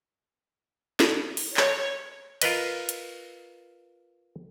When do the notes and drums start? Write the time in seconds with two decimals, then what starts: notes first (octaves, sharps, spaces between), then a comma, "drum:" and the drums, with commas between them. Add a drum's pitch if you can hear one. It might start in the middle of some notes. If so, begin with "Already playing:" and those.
1.00 drum: snare
1.37 drum: open hi-hat
1.57 C#5, drum: clap
2.41 F4 A#4 B4 D#5, drum: cymbal
2.89 drum: hi-hat